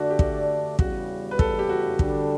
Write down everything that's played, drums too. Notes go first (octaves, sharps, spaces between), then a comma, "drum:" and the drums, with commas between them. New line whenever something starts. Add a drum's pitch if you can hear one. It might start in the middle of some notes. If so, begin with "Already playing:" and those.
Already playing: D3 A3 D4 F#4 A4 D5
G4
F#4, drum: kick
E2 C#3 G3 F#4, drum: kick
B4
A4, drum: kick
G4
F#4
D3 G3 D4 A4, drum: kick